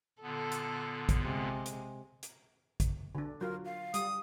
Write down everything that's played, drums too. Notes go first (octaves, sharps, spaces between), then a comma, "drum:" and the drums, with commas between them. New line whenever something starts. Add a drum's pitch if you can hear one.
A#2 D3 B3 A4
drum: hi-hat
drum: kick A1, hi-hat
C3 G#3
drum: hi-hat
drum: hi-hat
drum: kick A1, hi-hat
D3 D4
F#3 F4 A#4
F5
G3 D#6, drum: hi-hat